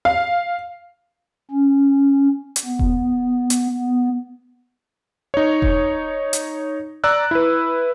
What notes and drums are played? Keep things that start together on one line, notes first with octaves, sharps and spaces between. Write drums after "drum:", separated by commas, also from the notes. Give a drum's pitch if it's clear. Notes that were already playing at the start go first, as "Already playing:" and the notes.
F5
C#4
drum: hi-hat
B3
drum: kick E1
drum: hi-hat
B3
D#4 C#5
drum: kick E1
drum: hi-hat
D5 A#5 E6 F#6
E4 B4